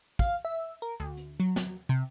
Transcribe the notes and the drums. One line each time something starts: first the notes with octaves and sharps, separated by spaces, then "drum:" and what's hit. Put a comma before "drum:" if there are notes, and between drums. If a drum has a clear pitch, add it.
F5, drum: kick
E5
A#4
D2
drum: hi-hat
F#3
drum: snare
C3